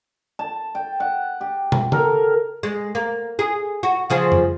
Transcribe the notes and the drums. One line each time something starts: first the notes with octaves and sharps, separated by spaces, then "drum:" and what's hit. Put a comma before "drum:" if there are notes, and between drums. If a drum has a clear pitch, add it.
A5
G5
F#5
G4
drum: tom
A4 A#4, drum: tom C#3
G#3
A#3
G#4
F#4
C#3 F3 G#4
drum: tom F2